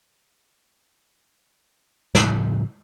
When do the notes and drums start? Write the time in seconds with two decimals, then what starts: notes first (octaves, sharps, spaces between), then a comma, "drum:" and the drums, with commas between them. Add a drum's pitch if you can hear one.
2.15 A2 C#3 F3 G3, drum: snare